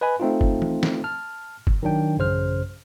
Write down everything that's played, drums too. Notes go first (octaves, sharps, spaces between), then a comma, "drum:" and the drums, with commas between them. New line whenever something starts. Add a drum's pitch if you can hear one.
B4 D#5 G#5 B5
A3 C4 D#4 F4
drum: kick
drum: tom E3
drum: snare
A5 F6
drum: kick
D#3 F#3 D4 G5
A1 F#2 C#3 C5 F6